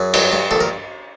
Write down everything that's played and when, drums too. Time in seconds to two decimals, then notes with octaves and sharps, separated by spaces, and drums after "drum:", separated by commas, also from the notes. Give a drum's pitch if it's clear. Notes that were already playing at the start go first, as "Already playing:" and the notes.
Already playing: F#2 G#4
0.14 G2, drum: cymbal
0.32 G2
0.51 A#1 A4
0.61 A#4